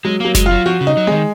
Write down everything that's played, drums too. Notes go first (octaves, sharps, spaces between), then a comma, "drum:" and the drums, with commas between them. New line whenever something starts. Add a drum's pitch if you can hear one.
F#3 G#3
F#3 A#3
G#3, drum: snare F#1
F4
F#3
F3 F#4
C#3
D#4
F#3
D#3 G#3